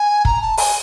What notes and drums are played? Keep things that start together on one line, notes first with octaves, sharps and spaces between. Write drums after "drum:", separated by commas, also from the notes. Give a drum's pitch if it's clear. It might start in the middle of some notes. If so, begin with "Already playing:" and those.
Already playing: G#5
A#5, drum: kick
A5
G#5, drum: open hi-hat